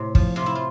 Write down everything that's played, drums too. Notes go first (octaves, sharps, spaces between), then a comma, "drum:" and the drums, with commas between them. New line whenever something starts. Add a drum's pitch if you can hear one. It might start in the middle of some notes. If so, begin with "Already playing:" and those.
Already playing: A2 C3
F3, drum: kick
C3 F4
E4
F4